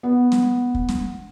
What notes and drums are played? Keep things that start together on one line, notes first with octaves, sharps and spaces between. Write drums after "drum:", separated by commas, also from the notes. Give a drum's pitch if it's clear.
B3
drum: snare
drum: kick
drum: snare